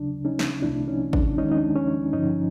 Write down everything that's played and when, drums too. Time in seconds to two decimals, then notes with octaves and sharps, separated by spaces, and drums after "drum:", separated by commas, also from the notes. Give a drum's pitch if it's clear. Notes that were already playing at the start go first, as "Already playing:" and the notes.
Already playing: D#2 C#3 F#3 D4
0.25 C#4 D#4
0.39 drum: snare
0.62 C2 C3 E3 A3 C4 D4 E4
0.88 C#4 D#4
1.13 D4, drum: kick G#1
1.38 D#2 D#3 G#3 C#4 D#4
1.51 D#4
1.57 D4
1.76 C#4
2.13 G2 D3 F3 C#4 D#4